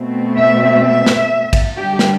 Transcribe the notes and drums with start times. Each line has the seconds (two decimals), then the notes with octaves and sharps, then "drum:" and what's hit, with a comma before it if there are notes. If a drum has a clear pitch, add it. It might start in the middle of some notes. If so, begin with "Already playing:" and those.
Already playing: B2 A3 C4
0.37 E5
0.83 E5
1.06 drum: snare
1.53 drum: kick, cymbal
1.76 D3 G3 D4 G4
1.99 drum: snare